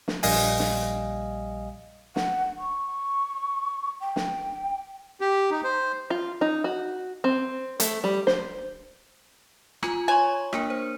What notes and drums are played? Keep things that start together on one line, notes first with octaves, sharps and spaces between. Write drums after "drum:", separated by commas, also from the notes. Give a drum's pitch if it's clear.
drum: snare
A#1 G3 D#5 F5 G#5, drum: open hi-hat
drum: snare
F#5, drum: snare
C#6
G5
drum: snare
G4
D#4
C5
F4
D#4
F#4
C4
A3, drum: hi-hat
G3
C5, drum: snare
F4 G#5 A#5, drum: rim click
C#5 G#5 C6 C#6
A#3 D4 A#4, drum: rim click
C5